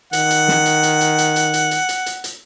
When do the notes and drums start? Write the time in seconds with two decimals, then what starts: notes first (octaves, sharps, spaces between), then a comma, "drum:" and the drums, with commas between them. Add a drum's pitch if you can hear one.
0.13 D#3 F#5, drum: hi-hat
0.31 drum: hi-hat
0.48 drum: snare
0.66 drum: hi-hat
0.83 drum: hi-hat
1.01 drum: hi-hat
1.18 drum: hi-hat
1.36 drum: hi-hat
1.54 drum: hi-hat
1.71 drum: hi-hat
1.89 drum: hi-hat
2.06 drum: hi-hat
2.24 drum: hi-hat